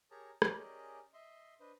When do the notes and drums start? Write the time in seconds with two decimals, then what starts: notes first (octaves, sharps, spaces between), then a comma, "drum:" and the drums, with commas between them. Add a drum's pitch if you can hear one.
0.11 G4 G#4 A#4 C#5 A5 A#5
0.42 C#4 G4 G#4 A#4 D5 D#5, drum: rim click
1.14 D#5 E5 C6
1.60 D4 B4 C5 D#5